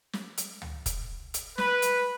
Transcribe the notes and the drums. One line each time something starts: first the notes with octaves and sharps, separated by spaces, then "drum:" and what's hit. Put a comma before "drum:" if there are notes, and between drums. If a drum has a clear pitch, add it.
drum: snare
drum: hi-hat
drum: tom C#2
drum: kick, hi-hat
drum: hi-hat
B4, drum: snare
drum: hi-hat